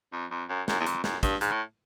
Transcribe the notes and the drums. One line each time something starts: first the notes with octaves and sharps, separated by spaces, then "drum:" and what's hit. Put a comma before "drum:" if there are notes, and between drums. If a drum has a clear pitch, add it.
F2
F2
F#2
F#2, drum: snare
E2
F2, drum: hi-hat
F#2, drum: snare
G2, drum: kick, hi-hat
G#2, drum: hi-hat
A2